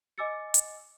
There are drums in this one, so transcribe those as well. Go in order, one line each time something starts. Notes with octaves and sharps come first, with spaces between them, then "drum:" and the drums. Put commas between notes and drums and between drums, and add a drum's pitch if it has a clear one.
D#5 G#5 D6 E6 A6 C#7
drum: hi-hat